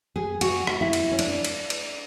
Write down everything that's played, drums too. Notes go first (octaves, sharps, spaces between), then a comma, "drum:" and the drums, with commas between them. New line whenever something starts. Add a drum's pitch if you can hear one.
G#4
F#4, drum: cymbal
drum: rim click
E4
drum: cymbal
C#4
D4, drum: cymbal
drum: cymbal
drum: cymbal